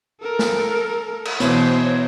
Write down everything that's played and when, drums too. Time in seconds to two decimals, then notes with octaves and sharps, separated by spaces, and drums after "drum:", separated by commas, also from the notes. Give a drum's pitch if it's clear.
0.22 A4 A#4
0.39 drum: snare
1.25 drum: cymbal
1.40 B2 E3 C5 C#5, drum: hi-hat